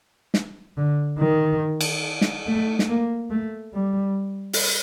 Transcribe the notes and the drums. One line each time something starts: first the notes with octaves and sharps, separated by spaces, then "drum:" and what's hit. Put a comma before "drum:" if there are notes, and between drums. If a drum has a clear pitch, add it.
drum: snare
D3
D#3
drum: cymbal
drum: snare
A3
drum: snare
A#3
A3
G3
drum: open hi-hat